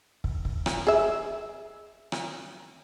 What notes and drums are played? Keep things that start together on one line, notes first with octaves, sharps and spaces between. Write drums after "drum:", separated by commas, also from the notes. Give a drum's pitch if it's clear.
drum: kick
drum: kick
drum: rim click
G#4 E5
drum: rim click